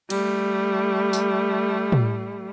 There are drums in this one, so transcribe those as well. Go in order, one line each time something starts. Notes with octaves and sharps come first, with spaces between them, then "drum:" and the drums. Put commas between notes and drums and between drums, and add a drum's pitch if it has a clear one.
G3 A3, drum: cymbal
drum: tambourine
drum: tom